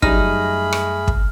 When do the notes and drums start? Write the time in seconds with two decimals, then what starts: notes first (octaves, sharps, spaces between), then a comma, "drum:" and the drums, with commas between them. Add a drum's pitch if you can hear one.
0.02 F#2 G3 A3 D#4 G#4 B5 F6 A#6, drum: kick
0.73 drum: rim click
1.08 drum: kick